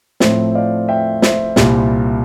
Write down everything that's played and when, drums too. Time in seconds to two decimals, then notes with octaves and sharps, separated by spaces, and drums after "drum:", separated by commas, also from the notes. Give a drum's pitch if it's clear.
0.20 A2 F3 A3 C4 C5 E5, drum: snare
0.55 D5 F5
0.89 E5 G5
1.22 C5 E5, drum: snare
1.56 C2 A#2 G3, drum: snare